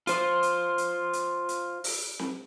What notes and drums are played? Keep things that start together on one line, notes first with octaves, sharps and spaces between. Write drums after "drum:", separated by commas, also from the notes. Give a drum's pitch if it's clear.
F4 C5, drum: hi-hat
drum: hi-hat
drum: hi-hat
drum: hi-hat
drum: hi-hat
drum: open hi-hat
drum: snare C4